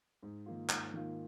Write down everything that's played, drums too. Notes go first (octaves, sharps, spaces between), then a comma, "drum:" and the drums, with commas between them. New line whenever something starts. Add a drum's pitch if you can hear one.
G#2
D#3 A#3 F4
G#2, drum: clap
D#3 A#3 F4